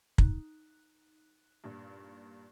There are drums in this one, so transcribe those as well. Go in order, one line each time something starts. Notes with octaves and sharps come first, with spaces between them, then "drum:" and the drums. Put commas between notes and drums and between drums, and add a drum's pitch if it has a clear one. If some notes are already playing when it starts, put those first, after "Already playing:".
D#4 F#6, drum: kick
G2 A#2